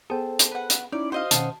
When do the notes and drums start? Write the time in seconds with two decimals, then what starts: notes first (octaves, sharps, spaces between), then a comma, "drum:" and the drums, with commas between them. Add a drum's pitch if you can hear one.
0.10 B3 G#4 A4 C5 G5 A5
0.39 drum: hi-hat
0.51 B4 F#5
0.70 drum: hi-hat
0.92 C#4 D#4 E4 D5
1.12 F#4 C5 D#5 F5
1.31 B2 D#3 C#4 F#5 A5, drum: hi-hat